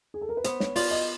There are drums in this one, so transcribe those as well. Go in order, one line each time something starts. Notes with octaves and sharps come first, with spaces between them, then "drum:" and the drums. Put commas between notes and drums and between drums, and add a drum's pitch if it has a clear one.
G#4
A4
A#4
B4
B3 C5, drum: hi-hat
C#5, drum: snare
F4 D5, drum: open hi-hat
D#5